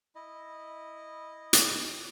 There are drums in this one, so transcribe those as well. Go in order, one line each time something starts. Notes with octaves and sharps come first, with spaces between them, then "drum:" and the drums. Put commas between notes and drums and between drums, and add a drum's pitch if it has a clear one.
E4 D#5
drum: hi-hat